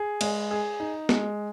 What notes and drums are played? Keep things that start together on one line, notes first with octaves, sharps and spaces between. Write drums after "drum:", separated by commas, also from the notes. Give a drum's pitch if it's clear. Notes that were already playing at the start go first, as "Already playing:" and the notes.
Already playing: G#4
G#3, drum: cymbal
G#4
D#4
G#3, drum: snare